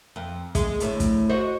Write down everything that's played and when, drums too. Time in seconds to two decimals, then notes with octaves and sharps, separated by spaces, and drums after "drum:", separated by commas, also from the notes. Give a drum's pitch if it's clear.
0.16 F2
0.55 G#3, drum: kick, hi-hat
0.80 D2 A2, drum: hi-hat
1.00 drum: kick, hi-hat
1.29 F#4 C5 D#5